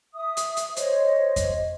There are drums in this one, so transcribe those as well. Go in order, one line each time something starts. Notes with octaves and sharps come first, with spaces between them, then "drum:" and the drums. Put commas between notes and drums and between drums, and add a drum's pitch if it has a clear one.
E5 D#6
drum: hi-hat
drum: hi-hat
C5 C#5 D#5, drum: hi-hat
drum: kick F2, hi-hat